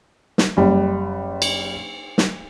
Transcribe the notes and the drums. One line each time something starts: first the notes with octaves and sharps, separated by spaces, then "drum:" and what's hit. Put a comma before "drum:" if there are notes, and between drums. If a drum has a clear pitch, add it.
drum: snare
F#1 G3
drum: cymbal
drum: snare